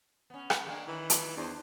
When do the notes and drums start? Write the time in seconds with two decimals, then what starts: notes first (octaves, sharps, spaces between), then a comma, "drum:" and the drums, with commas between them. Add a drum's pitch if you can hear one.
0.30 B3 C#4
0.50 drum: rim click
0.67 G#3 A#3 D4
0.88 D#3 E3
1.10 drum: hi-hat
1.37 E2 D4 C5